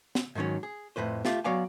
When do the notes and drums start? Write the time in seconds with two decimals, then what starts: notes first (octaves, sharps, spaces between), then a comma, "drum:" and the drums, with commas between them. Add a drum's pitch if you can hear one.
0.15 drum: snare
0.35 G#2 D3 D#3 F#3 C#4
0.63 G#4
0.96 F2 A2 E3 B4 C5
1.25 A3 F4 G4, drum: snare
1.44 F#3 B3 C#5 D5 F5 G#5